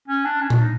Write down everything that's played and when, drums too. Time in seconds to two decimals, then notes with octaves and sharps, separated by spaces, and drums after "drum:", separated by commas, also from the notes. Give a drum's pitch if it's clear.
0.08 C#4
0.25 D4
0.40 C#4
0.50 D4, drum: tom A#2
0.60 D#4